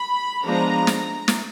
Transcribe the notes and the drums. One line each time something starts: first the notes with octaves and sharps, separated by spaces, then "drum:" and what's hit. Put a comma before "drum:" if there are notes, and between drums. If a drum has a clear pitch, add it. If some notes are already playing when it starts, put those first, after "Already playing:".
Already playing: B5
F3 G#3 B3 D4 A#5
drum: snare
drum: snare